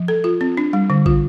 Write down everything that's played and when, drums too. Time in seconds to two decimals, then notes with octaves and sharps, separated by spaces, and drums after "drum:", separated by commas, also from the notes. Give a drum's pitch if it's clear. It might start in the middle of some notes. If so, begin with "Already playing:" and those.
Already playing: F3
0.08 A4
0.24 F4
0.41 C4
0.57 D4
0.73 G3
0.90 D3
1.06 F4, drum: kick